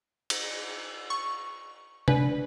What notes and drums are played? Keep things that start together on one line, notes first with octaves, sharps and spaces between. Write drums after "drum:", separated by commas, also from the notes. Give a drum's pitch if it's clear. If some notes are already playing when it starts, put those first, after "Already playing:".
drum: cymbal
C#6
D4 B4 D5, drum: tom C3